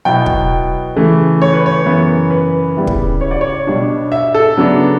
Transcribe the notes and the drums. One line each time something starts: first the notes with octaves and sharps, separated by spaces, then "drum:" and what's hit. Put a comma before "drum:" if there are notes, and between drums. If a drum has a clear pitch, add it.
B2 F#3 B3 E4 G5
drum: kick
C#3 E3 A3
C#5
B4
C#5
F#2 C#3 E3 B3
B4
C#3 G3 B3 E4
drum: kick
C#5
D5
C#5
B2 G3 D4
E5
A4
C#3 F#3 B3 D4